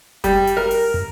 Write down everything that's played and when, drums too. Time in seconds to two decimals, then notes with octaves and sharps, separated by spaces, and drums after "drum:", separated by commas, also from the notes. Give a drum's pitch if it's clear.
0.24 G3, drum: kick F#1, hi-hat
0.47 drum: hi-hat
0.57 A#4
0.71 drum: open hi-hat
0.94 drum: tom